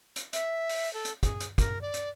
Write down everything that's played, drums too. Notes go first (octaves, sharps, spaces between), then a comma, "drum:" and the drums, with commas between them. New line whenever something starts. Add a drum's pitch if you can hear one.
drum: hi-hat
E5, drum: hi-hat
drum: open hi-hat
A4
drum: hi-hat
G#4, drum: kick, hi-hat
drum: hi-hat
A#4, drum: kick, hi-hat
D5
drum: hi-hat